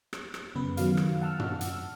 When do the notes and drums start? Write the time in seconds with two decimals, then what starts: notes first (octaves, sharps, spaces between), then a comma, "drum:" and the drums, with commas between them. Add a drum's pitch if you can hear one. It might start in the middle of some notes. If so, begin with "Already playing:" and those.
0.13 drum: rim click
0.34 drum: rim click
0.55 F#2 C#3 B3 B4
0.77 D#3 F#3 A4 F5, drum: hi-hat
0.97 drum: rim click
1.22 F#5 A5 E6 F6
1.39 drum: tom
1.61 drum: hi-hat